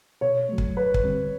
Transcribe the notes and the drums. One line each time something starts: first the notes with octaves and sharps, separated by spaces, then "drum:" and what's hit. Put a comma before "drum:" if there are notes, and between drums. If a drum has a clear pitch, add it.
B2 C#5
F#3 A3
drum: kick
G2 B4
drum: kick
D3 G3 C4